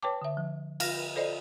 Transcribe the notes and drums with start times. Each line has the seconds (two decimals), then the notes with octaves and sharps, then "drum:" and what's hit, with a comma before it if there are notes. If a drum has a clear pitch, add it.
0.03 B4 C#5 G5 A5 D6
0.22 D3 E5
0.37 F3
0.80 F5 F6 A#6, drum: cymbal
1.16 A4 C5 D5 D#5